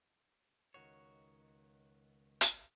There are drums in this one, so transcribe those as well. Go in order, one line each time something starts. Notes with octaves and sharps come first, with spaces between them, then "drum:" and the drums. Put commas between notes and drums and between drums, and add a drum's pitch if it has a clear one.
C#2 D#3 F#4 C#5
drum: hi-hat